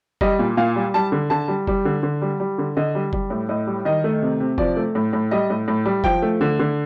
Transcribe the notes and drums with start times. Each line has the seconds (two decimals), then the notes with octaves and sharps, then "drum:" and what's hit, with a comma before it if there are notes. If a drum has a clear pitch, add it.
0.21 G3 D#5, drum: kick F#1
0.39 A#2
0.57 A#2 F5
0.76 G3
0.94 G3 A5
1.12 D3
1.30 D3 A5
1.48 G3
1.67 G3, drum: kick F#1
1.85 D3
2.03 D3
2.22 G3
2.40 G3
2.58 D3
2.77 D3 D#5
2.95 G3
3.13 G3, drum: kick F#1
3.30 A2
3.49 A2 D#5
3.67 G3
3.85 D#3 D#5
4.04 A3
4.22 C3
4.40 C3
4.58 F3 D5, drum: kick F#1
4.77 A3
4.95 A2
5.13 A2
5.31 G3 D#5
5.50 A2
5.68 A2
5.85 G3
6.04 F3 G5, drum: kick F#1
6.22 A3
6.41 D3
6.59 D3